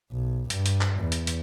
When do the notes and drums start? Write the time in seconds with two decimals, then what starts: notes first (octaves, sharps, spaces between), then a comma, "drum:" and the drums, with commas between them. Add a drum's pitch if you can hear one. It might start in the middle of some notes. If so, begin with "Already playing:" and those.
0.12 B1
0.50 G2, drum: hi-hat
0.66 drum: hi-hat
0.81 drum: clap
1.00 E2
1.12 drum: hi-hat
1.27 drum: hi-hat